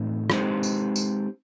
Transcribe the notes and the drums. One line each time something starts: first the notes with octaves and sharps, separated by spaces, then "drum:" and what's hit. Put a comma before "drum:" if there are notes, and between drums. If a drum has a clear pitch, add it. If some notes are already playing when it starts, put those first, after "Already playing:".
Already playing: A2 E3 A3 C4 D#4
G#3 C4 D#4 G4 C5, drum: rim click
drum: tambourine
drum: tambourine